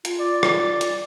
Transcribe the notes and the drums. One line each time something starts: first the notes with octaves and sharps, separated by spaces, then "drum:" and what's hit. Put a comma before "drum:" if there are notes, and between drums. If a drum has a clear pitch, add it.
F4, drum: hi-hat
D5
drum: rim click
drum: hi-hat